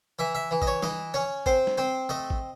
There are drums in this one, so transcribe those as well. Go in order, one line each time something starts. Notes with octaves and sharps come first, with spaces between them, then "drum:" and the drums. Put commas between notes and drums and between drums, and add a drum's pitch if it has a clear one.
E3 E5
E5
E3
D#5, drum: kick A1
C#5
E3 D#5, drum: snare
C#4 C#5
C4 C5, drum: kick A1
drum: snare
C4 C5
A3 D#5
drum: kick A1